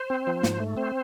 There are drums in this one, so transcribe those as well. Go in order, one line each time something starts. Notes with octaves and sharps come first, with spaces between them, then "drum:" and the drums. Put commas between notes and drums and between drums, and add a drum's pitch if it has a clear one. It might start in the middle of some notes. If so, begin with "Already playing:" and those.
Already playing: C5
C4
F3
G#2, drum: snare
A3
C4 C5